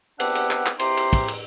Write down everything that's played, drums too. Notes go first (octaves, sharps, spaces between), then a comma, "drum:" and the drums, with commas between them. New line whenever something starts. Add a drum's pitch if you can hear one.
B3 C4 D4 G4 E5 F#5, drum: cymbal
drum: cymbal
drum: clap
drum: clap
C4 E4 G4 A#5 C6, drum: cymbal
drum: cymbal
drum: kick, cymbal
drum: cymbal